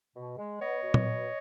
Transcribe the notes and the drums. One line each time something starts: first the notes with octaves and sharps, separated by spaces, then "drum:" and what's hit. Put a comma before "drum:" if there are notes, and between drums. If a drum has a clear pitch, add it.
B2
G#3
B3 C#5 D#5
B2
drum: tom A#2
B2